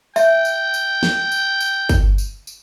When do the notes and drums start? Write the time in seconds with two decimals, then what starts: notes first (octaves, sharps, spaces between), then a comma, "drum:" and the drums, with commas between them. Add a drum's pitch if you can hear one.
0.16 E5 G5, drum: tambourine
0.45 drum: tambourine
0.74 drum: tambourine
1.03 drum: snare
1.32 drum: tambourine
1.60 drum: tambourine
1.89 drum: kick, tambourine
2.18 drum: tambourine
2.47 drum: tambourine